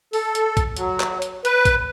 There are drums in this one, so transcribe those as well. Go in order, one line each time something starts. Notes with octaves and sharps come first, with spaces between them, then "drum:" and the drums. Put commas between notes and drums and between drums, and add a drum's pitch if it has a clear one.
A4, drum: open hi-hat
drum: hi-hat
drum: kick, hi-hat
F#3, drum: hi-hat
drum: clap
drum: hi-hat
B4, drum: hi-hat
drum: kick, hi-hat